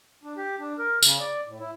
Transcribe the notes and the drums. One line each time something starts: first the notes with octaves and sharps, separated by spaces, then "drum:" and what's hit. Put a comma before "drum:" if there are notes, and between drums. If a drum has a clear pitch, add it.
D4
G4
D4
A#4
C#3, drum: tambourine
D5
A2
E4